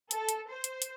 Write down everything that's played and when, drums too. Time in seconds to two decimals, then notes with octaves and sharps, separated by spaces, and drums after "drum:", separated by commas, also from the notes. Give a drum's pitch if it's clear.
0.11 A4, drum: hi-hat
0.29 drum: hi-hat
0.50 C5
0.64 drum: hi-hat
0.82 drum: hi-hat